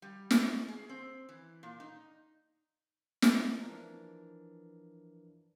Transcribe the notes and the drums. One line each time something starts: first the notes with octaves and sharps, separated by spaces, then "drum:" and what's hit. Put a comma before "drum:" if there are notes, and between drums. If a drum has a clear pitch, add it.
G3
C#5, drum: snare
G#4
C4
E3
A#2
D#4
drum: snare
E3 F3 D4 A#4